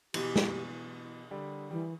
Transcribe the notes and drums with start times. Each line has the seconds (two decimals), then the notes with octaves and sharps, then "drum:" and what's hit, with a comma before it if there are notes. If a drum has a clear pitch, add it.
0.14 B2 E3 G4, drum: cymbal
0.36 drum: snare
1.31 D3 G3
1.71 E3 G3